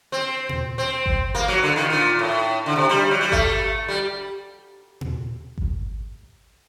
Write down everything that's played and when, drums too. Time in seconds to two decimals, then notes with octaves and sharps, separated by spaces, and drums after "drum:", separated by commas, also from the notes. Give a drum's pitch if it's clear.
0.12 C4
0.49 drum: tom A#2
0.78 C4
1.06 drum: kick G#1
1.35 A#3
1.48 F#3
1.63 D3
1.76 D#3
1.90 A#2
2.19 A2
2.66 D3
2.76 C3
2.89 G3
3.11 F#3
3.21 G3
3.32 A3, drum: kick G#1
3.88 G3
5.01 drum: tom A#2
5.58 drum: kick G#1